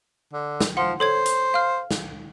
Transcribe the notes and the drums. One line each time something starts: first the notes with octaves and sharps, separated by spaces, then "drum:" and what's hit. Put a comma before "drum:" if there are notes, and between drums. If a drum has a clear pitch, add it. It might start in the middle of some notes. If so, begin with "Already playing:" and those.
D3
drum: snare
F3 F#5 C6
A4 C5 C#5 G#6
drum: hi-hat
F5 F6
drum: snare